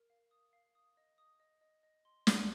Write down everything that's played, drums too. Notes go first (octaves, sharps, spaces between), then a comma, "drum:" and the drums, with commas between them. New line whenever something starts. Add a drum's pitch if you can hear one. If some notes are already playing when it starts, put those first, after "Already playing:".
Already playing: A#4
F5
D#6
F5
D#6
D#5
D#6
D#5
D#5
D#5
C6
C6, drum: snare